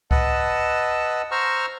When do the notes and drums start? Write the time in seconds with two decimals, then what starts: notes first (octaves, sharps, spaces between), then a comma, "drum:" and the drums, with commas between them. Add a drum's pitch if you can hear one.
0.11 B4 D#5 F#5 A5 E6, drum: kick C#2
1.31 C5 A#5 C#6 E6 F6